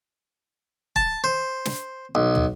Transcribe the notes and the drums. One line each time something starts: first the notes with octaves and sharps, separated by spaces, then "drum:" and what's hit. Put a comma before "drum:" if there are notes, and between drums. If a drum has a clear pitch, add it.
A5, drum: kick
C5
drum: snare
B1
drum: tom